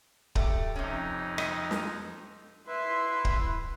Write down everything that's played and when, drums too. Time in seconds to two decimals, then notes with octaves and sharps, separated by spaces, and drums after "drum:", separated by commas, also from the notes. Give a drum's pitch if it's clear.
0.35 A3 G4, drum: kick D1
0.76 F2 C3 C#4 D#4
1.38 D#5, drum: rim click
1.71 drum: snare
2.67 E4 B4 E5 C6
3.25 drum: kick D1